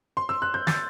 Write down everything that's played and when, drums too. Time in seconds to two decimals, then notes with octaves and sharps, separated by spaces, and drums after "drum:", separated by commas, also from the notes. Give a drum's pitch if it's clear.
0.17 C6
0.29 E6
0.42 F#6
0.54 G6
0.67 A6, drum: snare